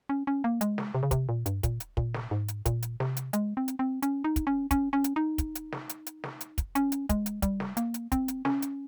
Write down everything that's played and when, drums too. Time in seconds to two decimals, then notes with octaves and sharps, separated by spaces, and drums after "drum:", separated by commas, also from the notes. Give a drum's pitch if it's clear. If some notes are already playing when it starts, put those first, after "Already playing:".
0.09 C#4
0.27 C#4
0.44 A#3
0.61 G#3, drum: hi-hat
0.78 drum: snare
0.94 C3
1.03 C#3
1.11 C3, drum: kick, hi-hat
1.29 A#2
1.46 G2, drum: hi-hat
1.63 A#2, drum: kick, hi-hat
1.80 drum: hi-hat
1.97 A#2, drum: kick
2.14 drum: snare
2.31 G#2
2.48 drum: hi-hat
2.66 A#2, drum: kick, hi-hat
2.83 drum: hi-hat
3.00 C3, drum: snare
3.17 drum: hi-hat
3.33 G#3, drum: hi-hat
3.57 C4
3.68 drum: hi-hat
3.79 C4
4.02 C#4, drum: hi-hat
4.24 D#4
4.36 drum: kick, hi-hat
4.47 C#4
4.71 C#4, drum: kick, hi-hat
4.93 C#4
5.04 drum: hi-hat
5.16 D#4
5.38 drum: kick, hi-hat
5.55 drum: hi-hat
5.72 drum: snare
5.89 drum: hi-hat
6.07 drum: hi-hat
6.24 drum: snare
6.41 drum: hi-hat
6.58 drum: kick, hi-hat
6.75 C#4, drum: hi-hat
6.92 drum: hi-hat
7.09 G#3, drum: kick, hi-hat
7.26 drum: hi-hat
7.42 G3, drum: kick, hi-hat
7.60 drum: snare
7.77 A#3, drum: hi-hat
7.94 drum: hi-hat
8.12 C4, drum: kick, hi-hat
8.28 drum: hi-hat
8.45 C#4, drum: snare
8.62 drum: hi-hat